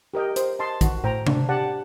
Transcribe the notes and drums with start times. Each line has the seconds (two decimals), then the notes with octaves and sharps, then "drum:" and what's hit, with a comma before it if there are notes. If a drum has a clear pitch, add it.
0.14 G4 A#4 D#5 G5
0.36 C5, drum: hi-hat
0.59 D#5 A5 C6
0.81 D#3 F#4, drum: kick, hi-hat
1.04 A2 C5 G5 A#5
1.27 D4, drum: tom C3
1.49 G4 D5 F#5 A5